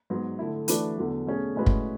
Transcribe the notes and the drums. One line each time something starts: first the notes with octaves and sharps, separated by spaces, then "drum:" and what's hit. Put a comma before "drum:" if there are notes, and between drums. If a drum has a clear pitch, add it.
G#2 F#3 B3
D3 A3 E4
E3 A3 D4 F#4 B4, drum: hi-hat
E2 D3 F#3
B2 A3 C#4 G#4
A2 G#3 C#4 F#4 B4
drum: kick